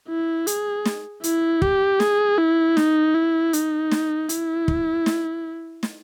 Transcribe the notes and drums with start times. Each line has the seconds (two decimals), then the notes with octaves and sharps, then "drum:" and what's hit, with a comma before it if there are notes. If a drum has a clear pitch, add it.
0.09 E4
0.47 G#4, drum: hi-hat
0.85 drum: snare
1.24 E4, drum: hi-hat
1.62 G4, drum: kick
2.00 G#4, drum: snare
2.38 E4
2.77 D#4, drum: snare
3.14 E4
3.53 D#4, drum: hi-hat
3.91 drum: snare
4.29 E4, drum: hi-hat
4.68 drum: kick
5.06 drum: snare
5.83 drum: snare